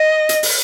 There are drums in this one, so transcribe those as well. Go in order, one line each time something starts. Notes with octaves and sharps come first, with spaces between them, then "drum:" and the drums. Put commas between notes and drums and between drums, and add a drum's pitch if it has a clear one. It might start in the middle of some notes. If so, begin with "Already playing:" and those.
Already playing: D#5
drum: hi-hat
drum: open hi-hat